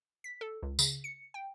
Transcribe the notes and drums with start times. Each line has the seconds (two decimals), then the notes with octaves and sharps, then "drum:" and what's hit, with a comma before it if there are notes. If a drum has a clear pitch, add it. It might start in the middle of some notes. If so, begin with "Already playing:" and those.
0.24 B6
0.41 A4
0.63 C#2
0.79 C#3, drum: tambourine
1.04 C#7
1.34 G5